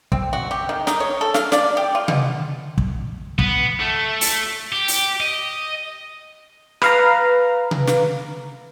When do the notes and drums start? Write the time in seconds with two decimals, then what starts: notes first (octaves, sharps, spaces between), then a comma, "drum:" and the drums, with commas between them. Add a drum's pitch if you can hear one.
0.12 C4, drum: kick
0.33 F#4
0.51 G4
0.69 D#3
0.87 D#4, drum: snare
1.00 C#5
1.21 A4
1.34 F5, drum: snare
1.52 D5, drum: snare
1.77 G4
1.95 F4
2.08 B2, drum: tom C3
2.78 drum: kick
3.39 B3, drum: kick
3.80 A3
4.21 drum: open hi-hat
4.72 G4
4.88 drum: open hi-hat
5.20 D#5
6.82 B4 F5 A#5, drum: rim click
7.71 drum: tom C3
7.87 drum: snare